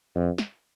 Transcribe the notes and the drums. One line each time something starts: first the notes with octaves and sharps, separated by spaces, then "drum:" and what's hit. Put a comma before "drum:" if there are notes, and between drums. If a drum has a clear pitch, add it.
F2
drum: snare